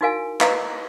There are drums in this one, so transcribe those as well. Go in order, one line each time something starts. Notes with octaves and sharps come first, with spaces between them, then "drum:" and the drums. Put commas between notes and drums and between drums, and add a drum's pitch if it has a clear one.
D#4 E4 F#4 A#4 F5 G#5
E4 B4 D#5 F5 A#5, drum: clap